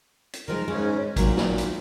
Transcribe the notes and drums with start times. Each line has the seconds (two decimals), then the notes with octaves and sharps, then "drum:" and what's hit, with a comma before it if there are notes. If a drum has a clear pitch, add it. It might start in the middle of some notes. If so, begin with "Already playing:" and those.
0.33 drum: hi-hat
0.48 D#3 F3 G#3 A#4
0.68 G#2 C#3 G#3 C#4
1.16 A#2 D#3 F#3 A#3, drum: kick G#1, hi-hat
1.37 drum: snare
1.58 drum: hi-hat